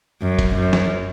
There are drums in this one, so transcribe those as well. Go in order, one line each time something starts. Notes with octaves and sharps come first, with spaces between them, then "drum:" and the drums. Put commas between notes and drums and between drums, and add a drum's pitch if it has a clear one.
F#2
drum: kick F1, cymbal
F#2
drum: snare